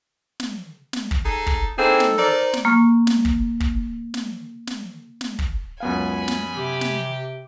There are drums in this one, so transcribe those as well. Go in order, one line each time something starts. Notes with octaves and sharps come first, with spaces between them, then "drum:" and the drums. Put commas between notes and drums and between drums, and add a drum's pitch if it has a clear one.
drum: snare
drum: snare
drum: kick
D#4 G#4 A4
drum: kick
E3 A#3 C4 D#4 G#4 A4
drum: snare
D#4 A#4 C5 D5
drum: snare
A#3 C#6 F6
drum: snare
drum: kick
drum: kick
drum: snare
drum: snare
drum: snare
drum: kick
C#2 F#2 B3 F5 G#5 B5
drum: snare
C3 G4
drum: snare